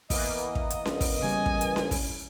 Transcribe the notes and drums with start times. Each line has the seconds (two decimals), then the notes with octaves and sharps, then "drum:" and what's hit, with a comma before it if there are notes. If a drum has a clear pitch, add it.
0.10 E3 A#3 B3 D#5, drum: kick, open hi-hat
0.55 drum: kick
0.70 drum: hi-hat
0.85 drum: snare C#4
1.01 drum: kick, open hi-hat
1.22 C#3 G3 G#5
1.46 drum: kick
1.61 drum: hi-hat
1.76 drum: snare C#4
1.91 drum: kick, open hi-hat